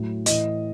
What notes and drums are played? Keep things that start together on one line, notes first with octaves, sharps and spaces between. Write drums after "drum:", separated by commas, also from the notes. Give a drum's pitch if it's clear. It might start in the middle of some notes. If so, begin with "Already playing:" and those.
Already playing: A2 F#3
A2 E3 D#5, drum: hi-hat